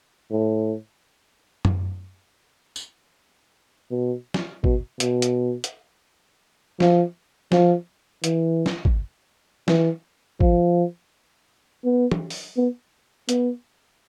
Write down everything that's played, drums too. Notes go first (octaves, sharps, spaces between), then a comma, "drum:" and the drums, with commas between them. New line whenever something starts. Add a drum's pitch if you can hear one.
A2
drum: tom F#2
drum: tambourine
B2
drum: snare
B2, drum: kick
B2, drum: hi-hat
drum: hi-hat
drum: hi-hat
F3, drum: snare
F3, drum: snare
E3, drum: hi-hat
drum: snare
drum: kick
E3, drum: snare
F3, drum: kick
B3
drum: tom
drum: open hi-hat
B3
B3, drum: hi-hat